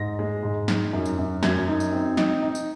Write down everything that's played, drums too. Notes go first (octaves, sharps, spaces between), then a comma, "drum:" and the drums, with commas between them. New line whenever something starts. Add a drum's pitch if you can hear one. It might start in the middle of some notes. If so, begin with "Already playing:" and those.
Already playing: G#2 A#6
G#3
G#2
D#4, drum: snare
F#2
drum: tambourine
F#2
F#2 G#6, drum: snare
D#4
drum: tambourine
C4
D#4, drum: snare
D#4
drum: tambourine